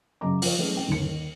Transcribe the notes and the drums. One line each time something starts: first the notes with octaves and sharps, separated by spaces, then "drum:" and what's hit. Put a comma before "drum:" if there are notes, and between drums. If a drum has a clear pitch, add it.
F#2 C#3 F#3 D#5 A#5 D6
F3 C#5, drum: open hi-hat
E3 F#3 G#3 A3 C#4 E4
C4 C#4 G5
D#1 D#2 C#7
D#2